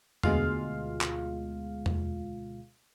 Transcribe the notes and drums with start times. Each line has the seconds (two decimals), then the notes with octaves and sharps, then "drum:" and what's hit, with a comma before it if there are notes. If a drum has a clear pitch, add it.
0.23 D2 B2 G#3 F4 F5, drum: tom E2
1.01 drum: clap
1.86 drum: tom E2